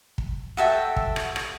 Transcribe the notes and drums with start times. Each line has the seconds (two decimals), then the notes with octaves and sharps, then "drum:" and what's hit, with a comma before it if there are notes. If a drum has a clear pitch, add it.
0.18 drum: kick
0.57 F#4 A4 E5 G5
0.96 drum: kick
1.16 drum: rim click
1.36 drum: rim click